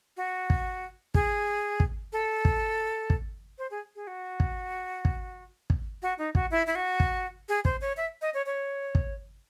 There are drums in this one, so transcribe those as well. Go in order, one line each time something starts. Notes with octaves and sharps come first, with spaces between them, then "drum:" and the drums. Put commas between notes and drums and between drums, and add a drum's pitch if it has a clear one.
F#4
drum: kick
G#4, drum: kick
drum: kick
A4
drum: kick
drum: kick
C5
G#4
G#4
F#4
drum: kick
drum: kick
drum: kick
F#4
D#4
F#4, drum: kick
E4
E4
F#4
drum: kick
G#4
C5, drum: kick
C#5
E5
D#5
C#5
C#5
drum: kick